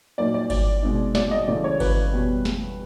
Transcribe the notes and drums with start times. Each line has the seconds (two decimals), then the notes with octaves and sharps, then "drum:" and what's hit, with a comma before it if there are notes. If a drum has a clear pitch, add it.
0.18 A#2 F#3 A#3 D#4 D5
0.34 D5
0.50 D5, drum: kick G1, cymbal
0.82 B2 G#3 C4 D#4
1.15 D5, drum: snare
1.31 D#5
1.48 C#2 C#3 E3 A3 D5
1.64 C#5
1.80 B4, drum: kick G1, cymbal
2.13 E2 B2 G3
2.45 drum: snare